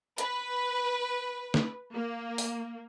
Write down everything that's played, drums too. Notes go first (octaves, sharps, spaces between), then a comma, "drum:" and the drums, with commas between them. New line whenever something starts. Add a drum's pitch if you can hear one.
B4, drum: hi-hat
drum: snare A3
A#3
drum: open hi-hat